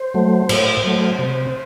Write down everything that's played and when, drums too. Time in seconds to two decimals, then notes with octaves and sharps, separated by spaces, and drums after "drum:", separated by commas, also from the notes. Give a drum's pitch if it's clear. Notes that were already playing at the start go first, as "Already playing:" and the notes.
Already playing: C5
0.14 F#3 A3
0.49 A2, drum: cymbal
0.84 F#3 A3
1.19 C3